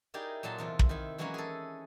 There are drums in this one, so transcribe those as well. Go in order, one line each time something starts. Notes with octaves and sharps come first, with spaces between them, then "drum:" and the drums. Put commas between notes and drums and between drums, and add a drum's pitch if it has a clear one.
D#4 E4 G4 G#4 A#4 D5
A#2 F#3 A4 A5 C6
E2 C3 F4
drum: kick
D#3 E4
E3 F#3 G#3 A#3 C#4 E4
G#4 A4